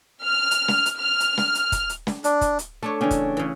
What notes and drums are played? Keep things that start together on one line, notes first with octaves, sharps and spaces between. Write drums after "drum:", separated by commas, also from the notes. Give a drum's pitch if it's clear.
F6
drum: hi-hat
drum: snare
drum: hi-hat
F6
drum: hi-hat
drum: snare
drum: hi-hat
drum: kick, hi-hat
drum: hi-hat
drum: snare
D4, drum: hi-hat
drum: kick, hi-hat
drum: hi-hat
A3 D4 C#5 A5
C#3 E3 C#4 D4 G5
drum: kick, hi-hat
C#3 E3